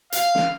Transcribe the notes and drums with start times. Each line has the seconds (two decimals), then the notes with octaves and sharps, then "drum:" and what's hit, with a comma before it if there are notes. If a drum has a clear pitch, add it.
0.12 F5, drum: hi-hat
0.35 drum: snare